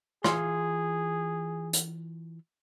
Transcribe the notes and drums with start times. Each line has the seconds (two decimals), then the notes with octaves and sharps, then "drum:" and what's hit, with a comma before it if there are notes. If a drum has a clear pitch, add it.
0.24 E3 F4 G#4 C6, drum: rim click
1.73 drum: hi-hat